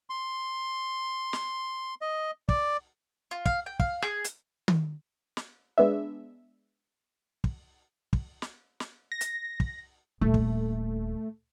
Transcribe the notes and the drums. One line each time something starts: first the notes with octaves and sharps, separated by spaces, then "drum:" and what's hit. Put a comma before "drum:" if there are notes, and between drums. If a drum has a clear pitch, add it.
C6
drum: snare
D#5
D5, drum: kick
F4
F5, drum: kick
G5
F5, drum: kick
G#4, drum: rim click
drum: hi-hat
drum: tom D#3
drum: snare
G#3 B3 D4 E5
drum: kick
drum: kick
drum: snare
drum: snare
A#6
drum: hi-hat
drum: kick
D#1 A3
drum: kick